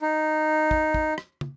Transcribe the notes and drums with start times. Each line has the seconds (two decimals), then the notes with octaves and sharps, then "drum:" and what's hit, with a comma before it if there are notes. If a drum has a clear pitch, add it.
0.01 D#4
0.71 drum: kick
0.94 drum: kick
1.18 drum: rim click
1.41 drum: tom